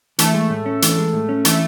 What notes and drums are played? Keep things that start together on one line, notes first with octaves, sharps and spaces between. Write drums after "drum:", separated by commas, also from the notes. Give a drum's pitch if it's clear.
E3 A3, drum: hi-hat
G#3
A2
C#4
E3, drum: hi-hat
G#3
A2
C#4
E3 A3, drum: hi-hat